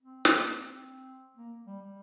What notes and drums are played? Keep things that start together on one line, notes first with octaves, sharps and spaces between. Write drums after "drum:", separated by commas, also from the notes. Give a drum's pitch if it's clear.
C4
A#3, drum: snare
C4
A#3
G3
G3